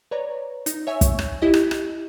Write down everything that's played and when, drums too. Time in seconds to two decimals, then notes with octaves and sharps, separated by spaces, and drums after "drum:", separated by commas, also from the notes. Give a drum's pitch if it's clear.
0.11 B4 C#5 D5 A#5
0.66 D#4, drum: hi-hat
0.87 C#5 E5 G#5 C#6 E6
1.01 drum: kick, hi-hat
1.19 drum: rim click
1.42 E4 G4 D#5
1.54 drum: rim click
1.71 drum: rim click